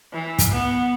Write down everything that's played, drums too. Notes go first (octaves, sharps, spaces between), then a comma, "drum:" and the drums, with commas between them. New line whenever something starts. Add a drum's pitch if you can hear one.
E3
drum: kick, hi-hat
B3